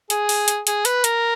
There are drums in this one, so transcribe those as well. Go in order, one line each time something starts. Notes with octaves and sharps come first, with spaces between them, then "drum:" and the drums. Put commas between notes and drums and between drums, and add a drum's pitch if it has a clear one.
G#4, drum: hi-hat
drum: open hi-hat
drum: hi-hat
G#4, drum: hi-hat
B4, drum: hi-hat
A#4, drum: hi-hat